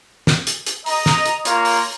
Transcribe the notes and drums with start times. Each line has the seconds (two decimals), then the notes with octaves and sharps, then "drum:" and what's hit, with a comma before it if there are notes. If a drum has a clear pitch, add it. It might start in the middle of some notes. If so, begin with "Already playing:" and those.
0.27 drum: snare
0.47 drum: hi-hat
0.67 drum: hi-hat
0.86 D#5 A#5, drum: open hi-hat
1.06 drum: snare
1.26 drum: hi-hat
1.45 A#3 F4 C#5 A#5, drum: hi-hat
1.65 drum: open hi-hat